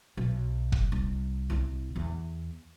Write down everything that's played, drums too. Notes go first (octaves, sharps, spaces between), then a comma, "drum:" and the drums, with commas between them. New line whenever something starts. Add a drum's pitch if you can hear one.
B1
drum: kick
C2
C2 E4
E2